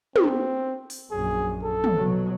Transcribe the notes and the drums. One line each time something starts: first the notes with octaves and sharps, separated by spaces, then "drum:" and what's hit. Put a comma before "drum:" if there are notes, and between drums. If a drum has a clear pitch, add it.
C4, drum: tom
drum: open hi-hat
A#1 F#2 G#4
A4
drum: tom
B2 F#3